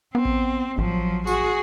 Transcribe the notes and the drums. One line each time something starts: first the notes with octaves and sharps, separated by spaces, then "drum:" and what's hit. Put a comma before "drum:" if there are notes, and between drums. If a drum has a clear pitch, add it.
B3 C4
drum: kick A1
A1 F3 F#3
F#4 G#4, drum: tambourine